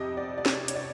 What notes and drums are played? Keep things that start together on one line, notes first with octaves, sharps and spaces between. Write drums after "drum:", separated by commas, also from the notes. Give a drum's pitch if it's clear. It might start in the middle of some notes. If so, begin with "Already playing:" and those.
Already playing: F2 C3 D#5
D5
D5
C#5, drum: snare
C#5, drum: hi-hat
D5